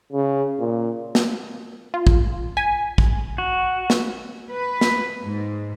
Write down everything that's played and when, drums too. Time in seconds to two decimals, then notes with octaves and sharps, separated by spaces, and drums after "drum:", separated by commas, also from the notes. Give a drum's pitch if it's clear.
0.12 C#3
0.59 A#2
1.15 drum: snare
1.94 F4
2.07 drum: kick
2.57 G#5 B6
2.98 drum: kick
3.38 F#4
3.90 drum: snare
4.51 B4
4.81 drum: snare
5.22 G#2